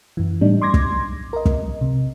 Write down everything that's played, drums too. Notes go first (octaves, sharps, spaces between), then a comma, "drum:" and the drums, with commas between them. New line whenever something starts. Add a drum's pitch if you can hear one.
F#2 E3
A2 G3 D4 D#4
C6 D6 G#6 A#6
drum: kick
A#4 D#5
drum: kick
C3